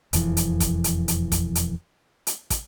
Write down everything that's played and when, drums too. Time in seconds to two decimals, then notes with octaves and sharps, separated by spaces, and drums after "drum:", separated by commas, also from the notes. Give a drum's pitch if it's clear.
0.13 E1 F2 E3 F3, drum: hi-hat
0.37 drum: hi-hat
0.60 drum: kick, hi-hat
0.84 drum: hi-hat
1.08 drum: hi-hat
1.32 drum: kick, hi-hat
1.55 drum: hi-hat
2.27 drum: hi-hat
2.50 drum: kick, hi-hat